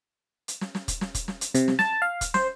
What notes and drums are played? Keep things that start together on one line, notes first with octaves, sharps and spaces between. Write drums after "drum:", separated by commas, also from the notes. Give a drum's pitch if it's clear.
drum: hi-hat
drum: snare
drum: snare
drum: kick, hi-hat
drum: snare
drum: kick, hi-hat
drum: snare
drum: hi-hat
C3, drum: hi-hat
drum: snare
A5, drum: snare
F5
drum: kick, hi-hat
C5, drum: snare